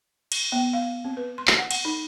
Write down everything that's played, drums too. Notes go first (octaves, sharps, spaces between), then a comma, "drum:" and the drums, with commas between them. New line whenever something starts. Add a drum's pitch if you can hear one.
drum: cymbal
B3
F5
C4
B4
C6
drum: clap
F#5
F#5, drum: cymbal
D#4